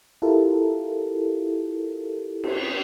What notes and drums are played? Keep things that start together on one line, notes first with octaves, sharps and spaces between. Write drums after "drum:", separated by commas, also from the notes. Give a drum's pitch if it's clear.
E4 F4 G4 A4 A#4
drum: cymbal